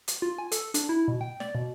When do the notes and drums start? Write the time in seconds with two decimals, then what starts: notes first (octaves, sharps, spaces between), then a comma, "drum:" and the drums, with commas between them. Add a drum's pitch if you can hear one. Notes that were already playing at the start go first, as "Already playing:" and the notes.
0.08 drum: hi-hat
0.22 F4
0.38 G#5
0.52 A4, drum: hi-hat
0.74 D4, drum: hi-hat
0.89 E4
1.08 B2
1.21 G5
1.40 D5, drum: snare
1.55 B2